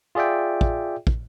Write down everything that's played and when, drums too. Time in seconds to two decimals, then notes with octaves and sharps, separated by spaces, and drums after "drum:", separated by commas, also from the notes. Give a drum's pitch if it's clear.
0.15 F4 G#4 D5 E5 G5
0.61 drum: kick
1.07 drum: kick